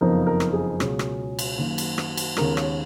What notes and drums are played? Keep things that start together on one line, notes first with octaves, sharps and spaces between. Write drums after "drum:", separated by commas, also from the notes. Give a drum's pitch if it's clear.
F#1 F2 F3 B3 D#4 A#4
A#4
drum: rim click
G#4
C#2 B2 F#3 C#4, drum: rim click
drum: rim click
drum: cymbal
F#2 D#3 A#3
drum: cymbal
drum: rim click
drum: cymbal
D#2 C#3 G#3 B3 A#4, drum: rim click
C#5, drum: rim click